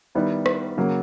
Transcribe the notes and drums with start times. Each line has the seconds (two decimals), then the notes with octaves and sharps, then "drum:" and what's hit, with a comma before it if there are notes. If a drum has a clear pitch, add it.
0.15 D#3 G3 B3 E4
0.46 drum: rim click
0.77 C#3 F#3 A#3